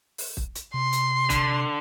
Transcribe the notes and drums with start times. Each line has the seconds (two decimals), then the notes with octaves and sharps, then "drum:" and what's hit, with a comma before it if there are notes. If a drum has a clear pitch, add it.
0.18 drum: open hi-hat
0.37 drum: kick
0.55 drum: hi-hat
0.74 C3 C6
0.93 drum: hi-hat
1.30 D3, drum: kick, hi-hat